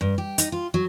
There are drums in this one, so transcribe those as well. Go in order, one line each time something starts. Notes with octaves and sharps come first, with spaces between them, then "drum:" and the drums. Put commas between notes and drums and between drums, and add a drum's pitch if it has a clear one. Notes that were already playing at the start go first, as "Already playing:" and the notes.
G2
G4
D#4, drum: hi-hat
F4
F#3